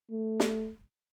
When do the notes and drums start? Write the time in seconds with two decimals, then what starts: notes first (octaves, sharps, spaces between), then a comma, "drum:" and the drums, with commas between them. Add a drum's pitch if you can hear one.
0.11 A3
0.40 drum: snare